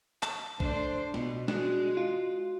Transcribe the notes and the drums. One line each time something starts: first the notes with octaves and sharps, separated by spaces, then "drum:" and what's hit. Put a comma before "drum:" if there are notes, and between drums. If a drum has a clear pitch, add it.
A5, drum: clap
A3 D4 C5, drum: kick A#1
B2, drum: snare
G#3 D4 F#4, drum: snare
F4